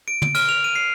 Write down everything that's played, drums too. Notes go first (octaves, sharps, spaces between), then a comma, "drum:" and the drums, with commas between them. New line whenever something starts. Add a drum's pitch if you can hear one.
D7
D7, drum: tom
F6, drum: cymbal
F7
D#7
C7